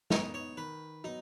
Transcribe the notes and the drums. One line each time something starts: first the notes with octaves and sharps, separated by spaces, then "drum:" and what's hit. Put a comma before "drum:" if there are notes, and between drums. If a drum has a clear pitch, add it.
B3 D#4 C#5, drum: snare
C#5
D#3 B4
F#3 B3 D#4